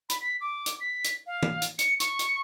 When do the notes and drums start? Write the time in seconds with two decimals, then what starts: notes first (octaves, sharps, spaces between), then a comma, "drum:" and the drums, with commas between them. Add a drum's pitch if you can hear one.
0.10 B5, drum: hi-hat
0.21 B6
0.41 D6
0.66 drum: hi-hat
0.80 B6
1.04 drum: hi-hat
1.27 F5
1.43 drum: tom
1.62 drum: hi-hat
1.79 C#7, drum: hi-hat
2.00 C#6, drum: hi-hat
2.19 drum: hi-hat